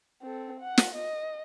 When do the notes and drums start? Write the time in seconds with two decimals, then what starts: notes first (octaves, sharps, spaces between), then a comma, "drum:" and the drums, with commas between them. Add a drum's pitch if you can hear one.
0.22 C4 A4
0.60 F#5
0.78 drum: snare
0.95 D#5